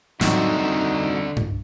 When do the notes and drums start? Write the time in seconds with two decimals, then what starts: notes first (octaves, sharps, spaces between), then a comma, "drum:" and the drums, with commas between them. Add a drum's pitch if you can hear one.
0.21 A2 D3 F#3 G3 C4 D#4 F#4 E5, drum: snare
1.37 drum: tom G2